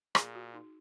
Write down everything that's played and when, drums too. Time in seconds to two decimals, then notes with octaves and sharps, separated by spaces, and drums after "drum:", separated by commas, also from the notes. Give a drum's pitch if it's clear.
0.15 A#2 G#4, drum: rim click
0.35 F#4
0.54 D#4